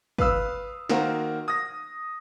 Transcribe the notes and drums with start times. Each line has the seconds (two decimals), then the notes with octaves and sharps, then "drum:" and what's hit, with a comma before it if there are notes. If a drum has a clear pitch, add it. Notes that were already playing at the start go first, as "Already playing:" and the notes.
0.18 B4 F5 D#6 E6, drum: kick
0.89 D#3 A#3 F#4 A#4 C5, drum: snare
1.48 D#6 A#6